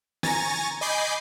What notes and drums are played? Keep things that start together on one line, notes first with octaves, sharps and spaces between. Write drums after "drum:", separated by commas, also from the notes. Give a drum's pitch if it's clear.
G#5 A#5 C#6 A6 A#6, drum: snare
D#5 G#5 B5 D6 G6 C7